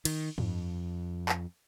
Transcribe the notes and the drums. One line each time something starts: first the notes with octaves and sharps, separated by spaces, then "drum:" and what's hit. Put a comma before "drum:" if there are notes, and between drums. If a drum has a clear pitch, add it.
D#3, drum: cymbal
F2, drum: tom G2
drum: clap